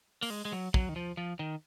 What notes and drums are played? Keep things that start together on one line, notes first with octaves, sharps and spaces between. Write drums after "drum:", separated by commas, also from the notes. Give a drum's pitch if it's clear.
A#3, drum: open hi-hat
G#3
G#3
F#3
F#3, drum: kick
D#3
F3
F3
D#3